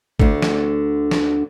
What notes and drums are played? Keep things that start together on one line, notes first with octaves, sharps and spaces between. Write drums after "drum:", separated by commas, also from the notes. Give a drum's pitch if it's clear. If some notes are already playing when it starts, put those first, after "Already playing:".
D2 D3, drum: kick G1
drum: snare
drum: snare